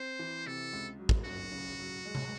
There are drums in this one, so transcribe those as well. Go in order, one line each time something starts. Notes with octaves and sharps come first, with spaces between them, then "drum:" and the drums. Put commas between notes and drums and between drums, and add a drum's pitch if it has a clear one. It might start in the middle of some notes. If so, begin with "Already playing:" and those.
Already playing: C4 C5
E3
C3 A4
C#2
F#3
drum: kick
F#2 F#4
C#3
F#3
G#3
drum: tom C3